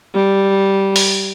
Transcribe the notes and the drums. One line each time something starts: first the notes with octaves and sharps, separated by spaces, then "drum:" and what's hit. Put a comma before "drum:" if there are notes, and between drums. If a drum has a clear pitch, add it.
G3
drum: open hi-hat